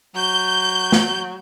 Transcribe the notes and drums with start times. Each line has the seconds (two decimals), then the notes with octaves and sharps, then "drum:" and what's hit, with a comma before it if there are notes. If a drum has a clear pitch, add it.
0.15 F#3 G6
0.92 drum: snare